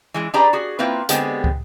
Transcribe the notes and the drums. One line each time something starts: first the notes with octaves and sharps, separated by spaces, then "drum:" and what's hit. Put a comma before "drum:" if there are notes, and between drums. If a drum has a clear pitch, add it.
E3 G#3 E4
D4 G4 G#4 B4 D5 A#5
F#4 G#4
A#3 C4 E4 F4 B4
D3 G#3 B3 C4 G4 G#5, drum: hi-hat
drum: kick